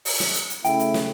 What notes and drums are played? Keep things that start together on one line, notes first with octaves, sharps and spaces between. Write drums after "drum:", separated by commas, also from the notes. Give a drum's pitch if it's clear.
drum: open hi-hat
drum: snare
drum: hi-hat
drum: hi-hat
C#3 A3 E4 G5, drum: hi-hat
drum: hi-hat
drum: snare